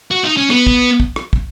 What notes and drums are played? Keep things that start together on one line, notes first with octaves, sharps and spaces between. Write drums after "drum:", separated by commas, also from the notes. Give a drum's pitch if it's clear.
F#4
D#4
C#4
B3, drum: rim click
drum: kick
drum: kick
drum: rim click
drum: kick